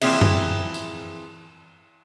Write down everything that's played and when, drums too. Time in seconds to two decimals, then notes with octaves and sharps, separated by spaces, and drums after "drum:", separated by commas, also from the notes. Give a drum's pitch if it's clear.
0.01 E3 F3 A#3 C4 G#4 E5, drum: cymbal
0.21 drum: tom F#2
0.74 drum: tambourine